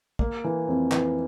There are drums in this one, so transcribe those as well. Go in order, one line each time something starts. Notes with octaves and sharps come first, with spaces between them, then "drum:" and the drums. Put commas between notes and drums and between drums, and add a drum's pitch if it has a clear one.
A#3, drum: kick A#1
E3
F2
E3, drum: clap